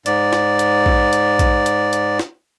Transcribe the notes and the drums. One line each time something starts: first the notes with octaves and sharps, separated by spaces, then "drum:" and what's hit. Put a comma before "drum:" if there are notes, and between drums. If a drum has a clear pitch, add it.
G#2 D5, drum: hi-hat
drum: snare
drum: hi-hat
drum: kick A#1
drum: hi-hat
drum: kick A#1, hi-hat
drum: hi-hat
drum: hi-hat
drum: snare